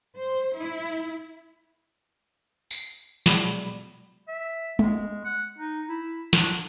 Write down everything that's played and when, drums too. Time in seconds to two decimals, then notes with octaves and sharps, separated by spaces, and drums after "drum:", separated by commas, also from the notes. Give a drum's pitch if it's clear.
0.17 C5
0.57 E4
2.71 drum: tambourine
3.26 B2 F#3 G#3 D5 B5, drum: snare
4.28 E5
4.79 G#3, drum: tom G#3
5.25 F#5
5.58 D#4
5.89 E4
6.33 D4, drum: snare